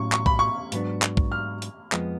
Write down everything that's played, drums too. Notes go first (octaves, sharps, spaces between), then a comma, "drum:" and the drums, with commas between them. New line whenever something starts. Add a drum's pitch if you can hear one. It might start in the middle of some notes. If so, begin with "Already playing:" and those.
Already playing: A2 F#3 C#4 C#6
C#6, drum: clap
B5, drum: kick A#1
C#6
G#2 F#3 B3 D4, drum: hi-hat
drum: clap
drum: kick A#1
F6
drum: hi-hat
F2 F3 G#3 B3, drum: clap